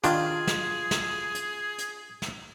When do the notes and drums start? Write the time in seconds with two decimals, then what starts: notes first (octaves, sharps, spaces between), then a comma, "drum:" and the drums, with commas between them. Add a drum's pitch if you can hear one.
0.04 D#3 D4 F4 G#4, drum: hi-hat
0.47 drum: snare
0.91 drum: snare
1.35 drum: hi-hat
1.78 drum: hi-hat
2.22 drum: snare